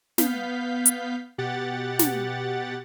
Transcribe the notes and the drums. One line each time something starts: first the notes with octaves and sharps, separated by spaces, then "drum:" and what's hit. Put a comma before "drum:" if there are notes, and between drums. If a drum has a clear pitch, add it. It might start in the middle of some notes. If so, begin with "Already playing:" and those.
B3 F5 G6 B6, drum: snare
drum: hi-hat
B2 G4 F#5 A6
drum: snare